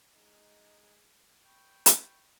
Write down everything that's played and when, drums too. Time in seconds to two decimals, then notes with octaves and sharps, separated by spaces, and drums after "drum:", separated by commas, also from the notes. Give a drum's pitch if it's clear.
0.14 G#3 D#4
1.45 G5 B5 C#6
1.86 drum: hi-hat